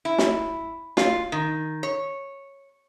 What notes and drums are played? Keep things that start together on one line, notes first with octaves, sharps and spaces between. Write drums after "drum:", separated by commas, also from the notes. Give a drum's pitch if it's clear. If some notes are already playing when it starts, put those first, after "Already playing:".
E4
drum: snare
F4, drum: snare
D#3
C#5